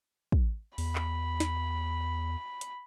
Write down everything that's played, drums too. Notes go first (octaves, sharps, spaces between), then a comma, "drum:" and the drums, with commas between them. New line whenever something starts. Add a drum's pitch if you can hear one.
drum: kick
E2 B5, drum: open hi-hat
drum: clap
drum: snare
drum: hi-hat